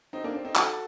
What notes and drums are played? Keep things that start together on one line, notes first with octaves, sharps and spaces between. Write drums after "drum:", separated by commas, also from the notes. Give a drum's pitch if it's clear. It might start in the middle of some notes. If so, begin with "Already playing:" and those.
C4 D#4
A#3 D4
C4
C4 D#4
F#4 A4, drum: clap